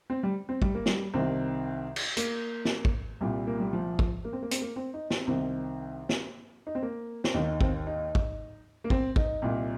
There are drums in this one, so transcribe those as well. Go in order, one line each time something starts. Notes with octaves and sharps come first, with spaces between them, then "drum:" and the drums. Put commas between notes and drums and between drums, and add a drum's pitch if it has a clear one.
C4
G3
C4
G3, drum: kick
A#3
G3, drum: snare
C2 C3 D#3 C4
drum: cymbal
A#3, drum: hi-hat
drum: snare
drum: kick
C2 A#2 G3
A#3
G3
F3
drum: kick
A#3
C4
A#3
C4, drum: hi-hat
A#3
C4
D#4
C4, drum: snare
C2 C3 D#3 C4
drum: snare
D#4
C4
A#3
C4, drum: snare
D#2 D#3 D#4
D#4
C4, drum: kick
D#4
drum: kick
A#3
C4, drum: kick
D#4, drum: kick
C2 A#2